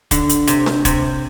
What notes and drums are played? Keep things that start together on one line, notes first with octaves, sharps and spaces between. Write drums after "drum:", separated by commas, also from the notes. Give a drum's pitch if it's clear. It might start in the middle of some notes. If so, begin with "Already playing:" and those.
D3, drum: kick, hi-hat
drum: hi-hat
C3, drum: hi-hat
drum: snare D4
C3, drum: kick, hi-hat